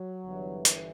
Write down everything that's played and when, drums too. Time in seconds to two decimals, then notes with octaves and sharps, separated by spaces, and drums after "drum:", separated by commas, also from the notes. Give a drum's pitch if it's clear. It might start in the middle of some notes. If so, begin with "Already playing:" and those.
Already playing: F#3
0.23 G1 G2 E3
0.65 drum: hi-hat